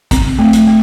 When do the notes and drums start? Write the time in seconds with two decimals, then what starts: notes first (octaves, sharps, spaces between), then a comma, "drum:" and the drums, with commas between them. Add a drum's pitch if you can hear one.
0.11 C4, drum: kick A1, hi-hat
0.39 A3
0.53 drum: hi-hat
0.67 A3